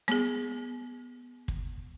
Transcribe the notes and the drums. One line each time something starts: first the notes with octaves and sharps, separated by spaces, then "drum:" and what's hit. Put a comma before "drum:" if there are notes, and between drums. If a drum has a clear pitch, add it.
B3 G#4, drum: snare
drum: kick